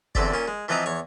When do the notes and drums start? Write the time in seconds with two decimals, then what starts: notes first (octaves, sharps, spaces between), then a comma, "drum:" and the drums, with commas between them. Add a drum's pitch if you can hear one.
0.15 E2 D3 C4 G4 D5, drum: kick
0.33 A#2 C#4 C6
0.48 G#3
0.68 E3 F3 C4 B4 D#5 A#5
0.86 E2 C#5 C#6